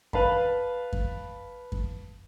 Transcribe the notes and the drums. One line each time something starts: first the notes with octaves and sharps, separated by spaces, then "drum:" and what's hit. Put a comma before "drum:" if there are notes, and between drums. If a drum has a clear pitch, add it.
B4 F5 A5 B5, drum: kick F#2
drum: kick F#2
drum: kick F#2